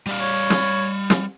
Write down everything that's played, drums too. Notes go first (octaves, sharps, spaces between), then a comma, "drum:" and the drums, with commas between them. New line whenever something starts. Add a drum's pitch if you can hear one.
G3 D5 F5
C#5
drum: snare
drum: snare